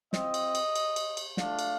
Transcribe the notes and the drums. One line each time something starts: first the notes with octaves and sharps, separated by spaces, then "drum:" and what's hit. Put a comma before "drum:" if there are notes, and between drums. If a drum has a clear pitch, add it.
C4 F4 D#5, drum: snare
drum: cymbal
drum: cymbal
drum: cymbal
drum: cymbal
drum: cymbal
A3 D4 F4 F5, drum: snare
drum: cymbal